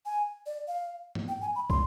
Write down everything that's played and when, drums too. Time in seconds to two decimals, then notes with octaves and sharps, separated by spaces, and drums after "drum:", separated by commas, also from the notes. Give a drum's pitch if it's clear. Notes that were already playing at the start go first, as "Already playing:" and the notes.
0.05 G#5
0.46 D5
0.67 F5
1.15 drum: tom
1.28 G5
1.41 G#5
1.55 B5
1.70 C6, drum: kick